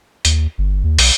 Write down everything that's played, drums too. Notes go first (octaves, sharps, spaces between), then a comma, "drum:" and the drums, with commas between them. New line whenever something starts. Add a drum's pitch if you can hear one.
D#2, drum: hi-hat
G1
D#2
B1, drum: open hi-hat